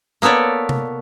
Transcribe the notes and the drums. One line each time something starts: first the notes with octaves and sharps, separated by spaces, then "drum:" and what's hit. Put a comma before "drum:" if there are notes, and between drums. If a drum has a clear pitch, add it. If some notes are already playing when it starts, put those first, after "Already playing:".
A#3 B3 A4 C#5 D5
drum: tom C3